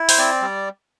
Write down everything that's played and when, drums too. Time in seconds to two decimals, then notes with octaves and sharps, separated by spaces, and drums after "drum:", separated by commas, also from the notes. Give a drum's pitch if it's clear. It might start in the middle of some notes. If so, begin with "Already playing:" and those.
Already playing: E4
0.09 C5, drum: open hi-hat
0.18 C4 D5
0.42 G3